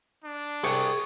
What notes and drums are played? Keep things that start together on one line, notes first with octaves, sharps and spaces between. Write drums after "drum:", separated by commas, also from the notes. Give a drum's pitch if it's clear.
D4
C2 G#4 G5 A#5 C#6, drum: open hi-hat